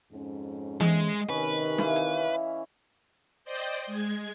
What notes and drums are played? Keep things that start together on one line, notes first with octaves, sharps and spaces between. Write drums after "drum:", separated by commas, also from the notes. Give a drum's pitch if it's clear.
F2 G#2 C#4
G#3 D#5, drum: tom E3
C3 D#3 C#4 B4
E3 E4 F5, drum: snare
drum: hi-hat
C5 D5 D#5 G5 G6
G#3 G#6